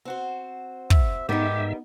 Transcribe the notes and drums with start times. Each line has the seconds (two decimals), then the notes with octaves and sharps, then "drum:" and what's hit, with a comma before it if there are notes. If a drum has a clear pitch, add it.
0.05 C4 F#4 C5
0.90 E5, drum: kick
1.29 G#2 G3 B3 D#4 G4 A#4 D#5 E5